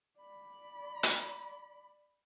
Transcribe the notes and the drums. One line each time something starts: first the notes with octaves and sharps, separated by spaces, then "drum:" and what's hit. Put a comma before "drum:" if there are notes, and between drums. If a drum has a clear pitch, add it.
D5 B5
drum: hi-hat